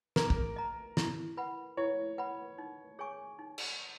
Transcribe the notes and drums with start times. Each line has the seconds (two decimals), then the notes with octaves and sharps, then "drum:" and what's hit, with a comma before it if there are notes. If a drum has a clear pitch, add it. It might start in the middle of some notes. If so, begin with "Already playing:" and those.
0.16 G#4 A#4, drum: snare
0.30 drum: kick
0.56 D#5 A#5
0.97 E4, drum: snare
1.37 B4 F#5 B5
1.77 E4 C#5
2.18 B4 F#5 B5
2.58 D#4
2.99 G#4 C#5 G#5 C#6
3.39 D#4
3.58 drum: cymbal